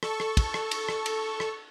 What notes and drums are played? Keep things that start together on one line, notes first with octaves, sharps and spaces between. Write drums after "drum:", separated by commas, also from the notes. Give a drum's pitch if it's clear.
A4 C#6, drum: rim click
drum: rim click
drum: kick, cymbal
drum: rim click
drum: cymbal
drum: rim click
drum: cymbal
drum: rim click